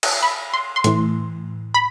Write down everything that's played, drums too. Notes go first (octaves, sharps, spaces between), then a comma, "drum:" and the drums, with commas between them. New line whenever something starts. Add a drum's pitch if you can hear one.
drum: cymbal
B5
C6
C6
A2 E3, drum: hi-hat
B5